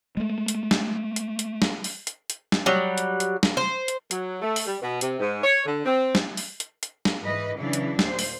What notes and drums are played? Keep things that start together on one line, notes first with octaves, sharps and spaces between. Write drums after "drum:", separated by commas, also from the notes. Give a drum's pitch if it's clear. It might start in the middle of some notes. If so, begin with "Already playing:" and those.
G#3 A3
drum: hi-hat
drum: snare
drum: hi-hat
drum: hi-hat
drum: snare
drum: open hi-hat
drum: hi-hat
drum: hi-hat
drum: snare
F#3 G3
drum: hi-hat
drum: hi-hat
drum: snare
C5
drum: hi-hat
F#3, drum: hi-hat
A3
drum: open hi-hat
G3
B2
C3, drum: hi-hat
G#2
C#5
D3
C4
drum: snare
drum: open hi-hat
drum: hi-hat
drum: hi-hat
drum: snare
G#2 E3 B4 D#5
C#3 E3 F#3 D4 E4
drum: hi-hat
D#2 A#2 C5, drum: snare
drum: open hi-hat